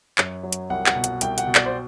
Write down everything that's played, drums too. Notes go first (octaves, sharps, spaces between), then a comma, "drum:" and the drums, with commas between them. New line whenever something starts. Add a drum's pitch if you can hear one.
F#2, drum: clap
F#3
drum: hi-hat
C2 F#5
F#5, drum: clap
B2
F#5, drum: hi-hat
C2 G5, drum: hi-hat
F#5, drum: hi-hat
B2
D5, drum: clap
C5